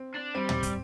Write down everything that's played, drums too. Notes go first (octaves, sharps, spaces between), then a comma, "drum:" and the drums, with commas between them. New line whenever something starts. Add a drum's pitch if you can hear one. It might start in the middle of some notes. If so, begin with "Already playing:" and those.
Already playing: C4
D4
G3 C4
drum: tom
drum: kick, hi-hat